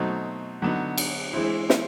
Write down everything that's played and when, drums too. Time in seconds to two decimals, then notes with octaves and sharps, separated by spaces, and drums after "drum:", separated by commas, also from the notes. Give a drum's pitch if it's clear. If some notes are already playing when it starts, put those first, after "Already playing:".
Already playing: B2 F#3 A3 C4 D#4
0.62 D3 F#3 B3 D#4
0.98 drum: cymbal
1.33 E3 G#3 C4 E4
1.70 drum: snare